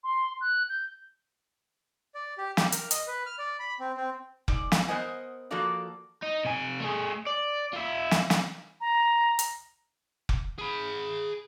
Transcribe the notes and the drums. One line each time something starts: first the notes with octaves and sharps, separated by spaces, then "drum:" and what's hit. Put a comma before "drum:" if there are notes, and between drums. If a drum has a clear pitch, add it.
C6
F#6
G6
D5
G4
G4, drum: snare
A#4, drum: hi-hat
D#5, drum: hi-hat
B4
F6
D5
B5
C4
C4
G#2 D5, drum: kick F1
drum: snare
B3 A#4 C5 D#5 F#5 G#5
F3 A#3 F#4 A4 D5 F5
D#4
C3 G#5
A3 G#4
D5
F4 E5
drum: snare
drum: snare
A#5
drum: hi-hat
drum: kick F1
G#4 B5